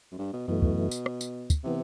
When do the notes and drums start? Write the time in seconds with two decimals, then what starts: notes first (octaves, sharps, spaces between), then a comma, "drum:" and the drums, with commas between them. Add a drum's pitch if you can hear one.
0.12 F#2
0.18 G2
0.33 B2
0.48 F#2 B2 E3 A3
0.62 drum: kick
0.91 drum: tambourine
1.06 drum: rim click
1.21 drum: tambourine
1.50 drum: kick, tambourine
1.64 C3 E3 B3